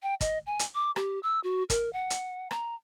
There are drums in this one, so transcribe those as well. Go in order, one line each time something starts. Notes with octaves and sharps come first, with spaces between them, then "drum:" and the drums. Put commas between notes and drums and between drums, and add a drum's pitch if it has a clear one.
G5
D#5, drum: kick, hi-hat
G#5
drum: hi-hat
D6
G4, drum: rim click
E6
F#4
A#4, drum: kick, hi-hat
F#5
drum: hi-hat
A#5, drum: rim click